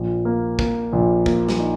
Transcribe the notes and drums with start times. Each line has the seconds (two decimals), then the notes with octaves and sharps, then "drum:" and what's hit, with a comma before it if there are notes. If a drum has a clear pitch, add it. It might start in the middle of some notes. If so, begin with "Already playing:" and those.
Already playing: A#1 A#2
0.25 A#3
0.59 A#3, drum: kick
0.93 A#1
1.26 A#3, drum: kick
1.49 drum: snare
1.60 D#4